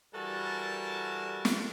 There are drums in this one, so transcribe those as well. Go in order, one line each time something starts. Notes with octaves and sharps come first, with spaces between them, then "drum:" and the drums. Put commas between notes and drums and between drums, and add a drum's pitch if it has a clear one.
E3 G3 F#4 A4 A#4 A5
drum: snare